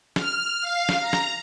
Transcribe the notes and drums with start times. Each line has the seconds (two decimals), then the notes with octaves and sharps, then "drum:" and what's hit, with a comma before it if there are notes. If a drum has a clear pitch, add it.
0.16 F6, drum: snare
0.61 F5
0.89 drum: snare
1.00 A#5
1.13 drum: snare